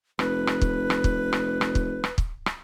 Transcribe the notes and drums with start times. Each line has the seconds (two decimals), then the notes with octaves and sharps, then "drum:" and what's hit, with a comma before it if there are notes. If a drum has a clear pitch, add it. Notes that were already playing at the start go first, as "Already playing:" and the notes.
0.19 F1 B4, drum: rim click
0.47 drum: rim click
0.62 drum: kick
0.90 drum: rim click
1.04 drum: kick
1.33 drum: rim click
1.61 drum: rim click
1.75 drum: kick
2.04 drum: rim click
2.18 drum: kick
2.46 drum: rim click